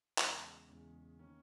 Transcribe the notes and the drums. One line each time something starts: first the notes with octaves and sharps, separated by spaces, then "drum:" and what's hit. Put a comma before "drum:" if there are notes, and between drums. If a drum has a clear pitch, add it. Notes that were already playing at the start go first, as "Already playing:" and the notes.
E2 C#3 G#3, drum: clap
E2 C#3 G#3
D#3 A#3 C#4